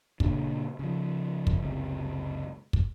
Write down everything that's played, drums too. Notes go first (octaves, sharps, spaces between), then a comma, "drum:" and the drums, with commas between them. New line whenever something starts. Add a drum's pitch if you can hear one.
A#2 C#3 A#3 D4, drum: kick
C#3 F3
drum: kick
F#1 C#2 C3
drum: kick